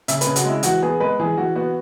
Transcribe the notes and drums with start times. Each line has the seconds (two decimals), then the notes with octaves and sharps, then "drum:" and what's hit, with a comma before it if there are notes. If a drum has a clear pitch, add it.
0.08 C#3 E5, drum: hi-hat
0.21 B4, drum: hi-hat
0.27 C#3
0.36 F#4, drum: hi-hat
0.45 G#3 E4
0.63 E3 F#4, drum: hi-hat
0.82 B3 G#4
1.00 G#3 B4
1.19 E3 G#4
1.37 E3 F#4
1.55 B3 F#4